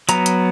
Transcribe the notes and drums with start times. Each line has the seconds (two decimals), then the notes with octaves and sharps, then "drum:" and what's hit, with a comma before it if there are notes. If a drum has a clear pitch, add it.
0.09 F#3 B3 A#5, drum: hi-hat
0.26 drum: hi-hat